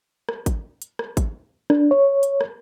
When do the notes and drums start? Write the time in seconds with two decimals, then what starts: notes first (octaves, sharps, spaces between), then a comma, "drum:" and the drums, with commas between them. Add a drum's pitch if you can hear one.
0.29 drum: rim click
0.46 drum: kick G#1, hi-hat
0.82 drum: hi-hat
0.99 drum: rim click
1.17 drum: kick G#1, hi-hat
1.70 D4, drum: rim click
1.91 C#5
2.23 drum: hi-hat
2.41 drum: rim click